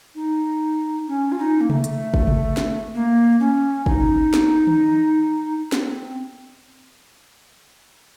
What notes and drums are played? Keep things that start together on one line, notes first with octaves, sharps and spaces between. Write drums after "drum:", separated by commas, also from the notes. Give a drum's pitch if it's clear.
D#4
C#4
F4
D#4
A#3
A3, drum: tom C3
drum: hi-hat
drum: kick
drum: tom C3
drum: snare
A#3
C#4
D#4, drum: kick
drum: snare
drum: tom D#3
C4, drum: snare